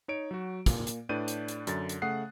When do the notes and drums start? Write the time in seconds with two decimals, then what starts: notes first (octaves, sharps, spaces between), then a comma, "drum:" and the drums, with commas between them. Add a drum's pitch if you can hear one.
0.08 D#4 C#5 D7
0.31 F#3 F#4
0.66 A#2 A#3, drum: kick, hi-hat
0.87 drum: hi-hat
1.09 A2 D4 B4 D5 G6 D#7
1.28 drum: hi-hat
1.48 drum: hi-hat
1.67 F#2 D3 A6, drum: hi-hat
1.89 drum: hi-hat
2.02 C#3 A3 F#5 D#6 F#6 C7